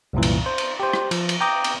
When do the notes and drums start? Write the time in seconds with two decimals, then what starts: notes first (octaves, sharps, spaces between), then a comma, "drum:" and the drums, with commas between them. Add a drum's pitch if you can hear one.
0.13 C2 F#2 A#2 E3
0.23 drum: cymbal
0.46 C5
0.58 drum: cymbal
0.80 G4 C5
0.93 drum: rim click
1.11 F3, drum: cymbal
1.29 drum: cymbal
1.41 G5 A#5 D6 D#6 G6
1.64 drum: cymbal